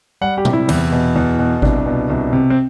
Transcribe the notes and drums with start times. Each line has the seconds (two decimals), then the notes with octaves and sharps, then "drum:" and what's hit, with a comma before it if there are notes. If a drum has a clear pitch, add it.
0.21 G3 F#5
0.38 G4
0.45 C3, drum: tom A#2
0.53 E4
0.69 E2, drum: cymbal
0.92 B2
1.16 E2
1.39 B2
1.62 C2 D4, drum: kick G#1
1.86 B2
2.10 C2
2.33 C3
2.50 C4